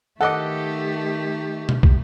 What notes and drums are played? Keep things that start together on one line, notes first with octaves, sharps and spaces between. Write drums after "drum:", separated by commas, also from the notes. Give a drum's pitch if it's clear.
D#3 A3 G4 A4 D#5 F#5 D6
drum: tom B2
drum: kick